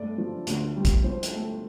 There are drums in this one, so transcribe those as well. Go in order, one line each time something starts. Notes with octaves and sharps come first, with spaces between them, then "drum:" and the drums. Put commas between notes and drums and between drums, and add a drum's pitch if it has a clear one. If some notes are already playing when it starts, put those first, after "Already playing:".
Already playing: G2 A3 D5
F3
D2, drum: hi-hat
G3
drum: kick, hi-hat
F3 C5
drum: hi-hat
A3